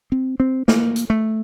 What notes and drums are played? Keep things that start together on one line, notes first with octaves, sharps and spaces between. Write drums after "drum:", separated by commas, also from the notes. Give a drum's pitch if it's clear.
C4
C4
A#3, drum: snare
drum: hi-hat
A3